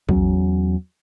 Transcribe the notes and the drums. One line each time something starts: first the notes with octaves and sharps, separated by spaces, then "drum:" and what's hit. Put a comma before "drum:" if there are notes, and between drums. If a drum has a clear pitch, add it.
E2 F#3 C#4, drum: kick